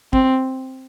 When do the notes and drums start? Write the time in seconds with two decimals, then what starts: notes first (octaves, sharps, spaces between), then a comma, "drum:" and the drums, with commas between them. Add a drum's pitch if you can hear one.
0.13 C4, drum: kick